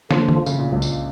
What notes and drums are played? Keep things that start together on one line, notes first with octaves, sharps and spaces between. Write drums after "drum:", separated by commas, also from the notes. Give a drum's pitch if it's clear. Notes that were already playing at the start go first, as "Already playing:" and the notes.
D3 F3 A#3 D4 F4, drum: snare
drum: tom D#3
C#3, drum: tambourine
A#2
C#2 C#3
drum: tambourine